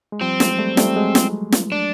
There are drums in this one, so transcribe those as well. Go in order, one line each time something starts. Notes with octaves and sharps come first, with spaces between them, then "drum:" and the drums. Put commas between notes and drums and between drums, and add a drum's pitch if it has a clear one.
G#3
F3 G3 C4
F#3 G#3, drum: snare
G3 A3
G3 A3, drum: snare
F#3 G#3
drum: snare
drum: snare
D4